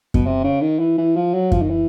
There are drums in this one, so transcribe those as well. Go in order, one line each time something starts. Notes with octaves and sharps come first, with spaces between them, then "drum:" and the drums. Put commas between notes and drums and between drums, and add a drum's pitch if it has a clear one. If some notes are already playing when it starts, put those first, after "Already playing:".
B2, drum: kick F#2
C3
C#3
D#3
E3
E3
F3
F#3
F3, drum: kick F#2
D#3
E3